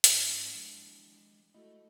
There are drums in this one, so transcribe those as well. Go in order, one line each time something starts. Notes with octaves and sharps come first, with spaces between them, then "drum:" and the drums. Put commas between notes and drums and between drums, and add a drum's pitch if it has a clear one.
G#2 D4 E4 G#5 A#6, drum: hi-hat
A#3 G#4
F3 G#3 G4
A3 E4 F#4 A4 D#5